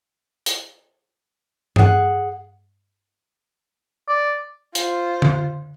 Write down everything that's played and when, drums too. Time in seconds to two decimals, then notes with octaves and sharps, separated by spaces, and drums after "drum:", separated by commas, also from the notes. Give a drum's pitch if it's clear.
0.46 drum: hi-hat
1.76 G#4 F#5, drum: tom G2
4.09 D5
4.75 F4 C5, drum: hi-hat
5.22 drum: tom D3